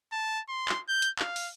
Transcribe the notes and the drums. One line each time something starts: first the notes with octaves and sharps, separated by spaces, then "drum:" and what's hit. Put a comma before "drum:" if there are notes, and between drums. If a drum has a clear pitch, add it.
A5
C6
drum: clap
G6
drum: hi-hat
F5, drum: clap
drum: open hi-hat